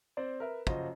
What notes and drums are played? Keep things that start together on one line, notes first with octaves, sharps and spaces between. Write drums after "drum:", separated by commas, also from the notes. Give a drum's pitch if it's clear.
C4 C5 D5
A#4 B4 E5
F#1 F3 F#4 C5 D#5, drum: kick